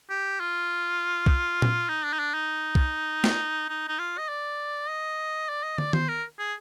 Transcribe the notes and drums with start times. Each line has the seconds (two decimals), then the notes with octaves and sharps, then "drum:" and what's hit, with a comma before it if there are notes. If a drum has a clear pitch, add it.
0.10 G4
0.40 F4
1.26 drum: kick
1.62 drum: tom A#2
1.89 D#4
2.05 D4
2.13 D#4
2.19 D4
2.34 D#4
2.75 drum: kick
3.24 drum: snare
3.69 D#4
3.88 D#4
3.99 F4
4.18 D#5
4.29 D5
4.89 D#5
5.49 D5
5.63 D#5
5.78 D5, drum: tom
5.93 C5, drum: tom D#3
6.08 A#4
6.39 G#4